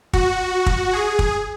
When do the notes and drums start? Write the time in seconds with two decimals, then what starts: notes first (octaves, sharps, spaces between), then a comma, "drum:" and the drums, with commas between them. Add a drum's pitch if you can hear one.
0.13 F#4, drum: kick
0.66 drum: kick
0.93 G#4
1.19 drum: kick